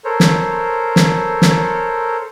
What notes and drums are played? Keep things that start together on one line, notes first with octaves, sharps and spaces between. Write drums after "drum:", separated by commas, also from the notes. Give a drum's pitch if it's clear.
A4 A#4 C5 C#5
drum: snare
drum: snare
drum: snare